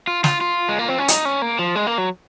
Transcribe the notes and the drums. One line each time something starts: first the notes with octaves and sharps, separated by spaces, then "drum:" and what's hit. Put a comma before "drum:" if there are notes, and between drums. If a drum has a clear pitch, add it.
F4
F4, drum: snare
F4
G#3
A#3
C4
C#4
D#4, drum: hi-hat
C#4
A#3
F3
G#3
A#3
F#3